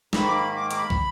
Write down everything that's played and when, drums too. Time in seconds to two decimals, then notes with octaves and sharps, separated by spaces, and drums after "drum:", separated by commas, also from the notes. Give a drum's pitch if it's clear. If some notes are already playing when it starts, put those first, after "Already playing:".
0.13 G#2 D#3 A#3 B5, drum: snare
0.27 D6
0.35 B5
0.56 D6
0.71 D6, drum: hi-hat
0.78 B5
0.90 drum: kick